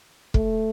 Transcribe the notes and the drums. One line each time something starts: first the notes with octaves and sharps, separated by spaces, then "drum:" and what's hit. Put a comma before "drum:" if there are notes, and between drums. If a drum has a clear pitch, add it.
A3, drum: kick